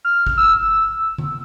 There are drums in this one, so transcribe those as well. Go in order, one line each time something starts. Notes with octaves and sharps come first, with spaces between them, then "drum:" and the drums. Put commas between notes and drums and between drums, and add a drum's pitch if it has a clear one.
F6
drum: kick G1
E6
drum: tom D3